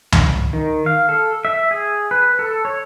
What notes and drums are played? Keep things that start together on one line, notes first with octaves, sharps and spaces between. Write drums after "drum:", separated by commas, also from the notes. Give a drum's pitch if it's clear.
drum: tom C#2
D#3
F5
A4
E5
G#4
B4
A4
C#5